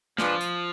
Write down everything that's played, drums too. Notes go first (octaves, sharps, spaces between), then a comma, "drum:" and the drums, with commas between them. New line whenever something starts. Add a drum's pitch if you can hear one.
F3 G#3 D4 F4 B4, drum: snare
drum: hi-hat